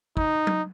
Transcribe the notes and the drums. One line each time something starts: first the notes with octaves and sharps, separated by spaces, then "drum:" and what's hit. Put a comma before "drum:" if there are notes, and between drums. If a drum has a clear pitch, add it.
D#4, drum: kick
drum: tom